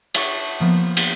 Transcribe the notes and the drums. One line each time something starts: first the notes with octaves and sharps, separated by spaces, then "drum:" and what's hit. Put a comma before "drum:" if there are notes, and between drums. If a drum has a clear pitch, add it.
C#5 E5 F#5 A5 C#6 D6, drum: cymbal
F3 A#3 B3
drum: cymbal